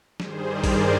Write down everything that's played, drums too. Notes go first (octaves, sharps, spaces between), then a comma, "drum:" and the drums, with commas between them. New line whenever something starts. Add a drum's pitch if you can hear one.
G2 D#3 G3 G#4 C5, drum: snare
A#4 D5
drum: kick, open hi-hat